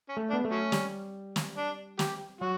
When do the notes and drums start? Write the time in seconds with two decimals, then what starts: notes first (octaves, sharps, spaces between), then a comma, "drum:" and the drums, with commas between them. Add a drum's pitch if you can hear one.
0.09 C#4
0.17 A3
0.30 D4
0.33 B3
0.45 A3
0.51 F#3 C#4
0.72 G3, drum: snare
1.36 drum: snare
1.57 D4
1.99 G4, drum: snare
2.41 F#3 F#4